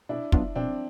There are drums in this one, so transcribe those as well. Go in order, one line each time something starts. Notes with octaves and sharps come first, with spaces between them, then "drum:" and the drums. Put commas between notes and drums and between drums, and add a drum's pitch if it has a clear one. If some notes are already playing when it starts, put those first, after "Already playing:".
B2 D4 E4
F#3 B3 D4 F4, drum: kick
B2 C4 D4